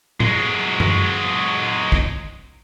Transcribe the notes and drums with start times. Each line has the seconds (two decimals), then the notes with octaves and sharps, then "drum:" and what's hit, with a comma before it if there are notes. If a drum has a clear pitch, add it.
0.20 F#3 G#3, drum: tom A2
0.80 drum: tom F#2
1.92 drum: kick